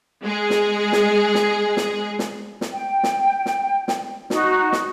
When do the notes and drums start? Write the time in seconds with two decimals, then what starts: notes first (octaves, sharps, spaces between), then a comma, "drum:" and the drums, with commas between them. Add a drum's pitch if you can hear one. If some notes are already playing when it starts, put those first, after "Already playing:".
0.23 G#3 G#4
0.50 drum: snare
0.92 drum: snare
1.35 drum: snare
1.77 drum: snare
2.19 drum: snare
2.61 drum: snare
2.71 G5
3.03 drum: snare
3.46 drum: snare
3.88 drum: snare
4.30 D#4 F#4, drum: snare
4.72 drum: snare